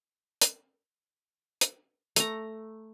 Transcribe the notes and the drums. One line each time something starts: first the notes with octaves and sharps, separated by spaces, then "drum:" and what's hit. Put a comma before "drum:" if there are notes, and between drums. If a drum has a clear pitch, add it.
drum: hi-hat
drum: hi-hat
A3 A#5, drum: hi-hat